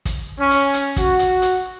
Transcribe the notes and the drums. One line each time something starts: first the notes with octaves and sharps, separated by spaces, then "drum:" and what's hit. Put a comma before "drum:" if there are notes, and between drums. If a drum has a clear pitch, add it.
drum: kick, hi-hat
C#4
drum: hi-hat
drum: hi-hat
F#4, drum: kick, hi-hat
drum: hi-hat
drum: hi-hat